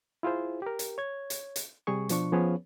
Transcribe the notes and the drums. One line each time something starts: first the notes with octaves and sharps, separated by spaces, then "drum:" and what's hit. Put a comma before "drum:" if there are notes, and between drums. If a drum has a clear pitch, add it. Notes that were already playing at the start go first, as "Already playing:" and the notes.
E4 F4 G#4 C5
G4 A#4
drum: hi-hat
C#5 G#6
drum: hi-hat
drum: hi-hat
C3 G3 G#4 C#6
B2 F3 D4 C#6, drum: hi-hat
F3 B3 C#4 G#4 B4 C#5